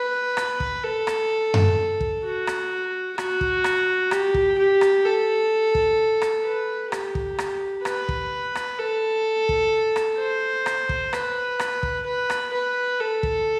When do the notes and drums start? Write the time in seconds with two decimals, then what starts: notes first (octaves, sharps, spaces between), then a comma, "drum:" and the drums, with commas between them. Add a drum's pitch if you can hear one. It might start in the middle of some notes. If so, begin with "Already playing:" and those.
Already playing: B4
0.37 drum: rim click
0.60 drum: kick
0.83 A4
1.07 drum: rim click
1.54 drum: tom F#2
2.01 drum: kick
2.24 F#4
2.47 drum: rim click
3.18 F#4, drum: rim click
3.41 drum: kick
3.64 drum: rim click
4.11 G4, drum: rim click
4.34 drum: kick
4.58 G4
4.81 drum: rim click
5.05 A4
5.75 drum: kick
6.22 drum: rim click
6.45 B4
6.92 G4, drum: rim click
7.15 drum: kick
7.38 drum: rim click
7.85 B4, drum: rim click
8.09 drum: kick
8.55 drum: rim click
8.79 A4
9.49 drum: kick
9.96 drum: rim click
10.19 C5
10.66 drum: rim click
10.89 drum: kick
11.13 B4, drum: rim click
11.59 drum: rim click
11.83 drum: kick
12.07 B4
12.30 drum: rim click
12.53 B4
13.00 A4
13.23 drum: kick